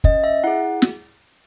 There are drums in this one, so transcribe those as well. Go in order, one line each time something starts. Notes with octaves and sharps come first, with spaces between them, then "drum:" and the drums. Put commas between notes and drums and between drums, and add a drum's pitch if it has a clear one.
C#4 D#5, drum: kick
E5
E4 G#4 F#5
drum: snare